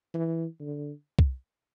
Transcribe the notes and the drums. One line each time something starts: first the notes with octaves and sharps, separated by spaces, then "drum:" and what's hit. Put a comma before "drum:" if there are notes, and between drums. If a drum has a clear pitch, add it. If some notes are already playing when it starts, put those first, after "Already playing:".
E3
D3
drum: kick